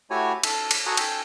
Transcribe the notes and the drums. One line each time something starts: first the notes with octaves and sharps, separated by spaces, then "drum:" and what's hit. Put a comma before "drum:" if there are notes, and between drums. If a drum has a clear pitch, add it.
A3 E4 F#4 G4 C#5 G#5
A4, drum: cymbal
drum: cymbal
F#4 A4 F#5 G#5 A#5 D#6
A4 G5 G#5, drum: cymbal